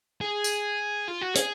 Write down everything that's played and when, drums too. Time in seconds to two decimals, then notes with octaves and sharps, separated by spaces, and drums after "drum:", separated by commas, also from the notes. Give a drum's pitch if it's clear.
0.21 G#4
0.44 drum: tambourine
1.08 F4
1.21 F#4
1.35 G#4, drum: hi-hat